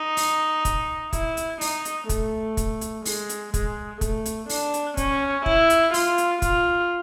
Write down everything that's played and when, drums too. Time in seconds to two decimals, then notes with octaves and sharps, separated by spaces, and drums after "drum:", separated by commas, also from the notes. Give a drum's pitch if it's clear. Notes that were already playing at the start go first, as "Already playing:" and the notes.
Already playing: D#4
0.17 drum: open hi-hat
0.65 drum: kick, hi-hat
1.13 E4, drum: kick, hi-hat
1.37 drum: hi-hat
1.61 D#4, drum: open hi-hat
1.85 drum: hi-hat
2.09 A3, drum: kick, hi-hat
2.57 drum: kick, hi-hat
2.81 drum: hi-hat
3.05 G#3, drum: open hi-hat
3.29 drum: hi-hat
3.54 G#3, drum: kick, hi-hat
4.01 A3, drum: kick, hi-hat
4.26 drum: hi-hat
4.49 D4, drum: open hi-hat
4.74 drum: hi-hat
4.97 C#4, drum: kick, hi-hat
5.46 E4, drum: kick
5.70 drum: hi-hat
5.94 F4, drum: open hi-hat
6.18 drum: hi-hat
6.42 F4, drum: kick, hi-hat